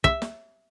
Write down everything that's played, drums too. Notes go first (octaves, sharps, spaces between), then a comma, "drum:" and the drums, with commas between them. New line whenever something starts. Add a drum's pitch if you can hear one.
E5, drum: kick
drum: snare